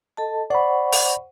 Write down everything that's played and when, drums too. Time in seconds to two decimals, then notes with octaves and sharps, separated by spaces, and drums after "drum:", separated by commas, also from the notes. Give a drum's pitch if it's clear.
0.17 A4 D#5 A5
0.50 C5 D5 F#5 B5 C#6
0.92 drum: open hi-hat